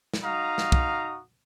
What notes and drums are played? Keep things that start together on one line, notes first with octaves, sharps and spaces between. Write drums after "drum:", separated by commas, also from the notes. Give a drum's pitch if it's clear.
drum: snare
D#4 F#4 F5 A#5 D#6
drum: snare
drum: kick